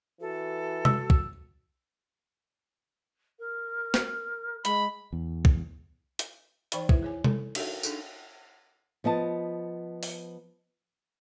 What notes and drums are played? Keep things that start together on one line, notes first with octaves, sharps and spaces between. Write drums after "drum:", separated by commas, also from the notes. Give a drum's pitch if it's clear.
E3 F#4 A4
E6, drum: tom C3
drum: kick B1
A#4
drum: snare
G#3 B5, drum: hi-hat
E2
drum: kick B1
drum: hi-hat
E3 D#4 C5 D5 G5 B5, drum: hi-hat
E4 B4 E5, drum: kick B1
G#4 C#5 G#5
A4, drum: tom C3
D4 D#4 F#4 A4 A#4 E5, drum: cymbal
D4 D#4 G#4 A4, drum: tambourine
F3 B3 D#5 A5
drum: open hi-hat